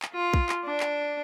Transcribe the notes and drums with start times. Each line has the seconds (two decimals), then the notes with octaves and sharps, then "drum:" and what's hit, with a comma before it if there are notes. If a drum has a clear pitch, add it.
0.02 drum: clap
0.14 F4
0.34 drum: kick
0.49 drum: clap
0.65 D4
0.80 drum: clap